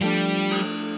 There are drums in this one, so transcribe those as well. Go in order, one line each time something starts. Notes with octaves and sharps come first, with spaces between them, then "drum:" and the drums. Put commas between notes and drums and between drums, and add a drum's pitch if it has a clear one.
F3 G3 A3 D4
drum: cymbal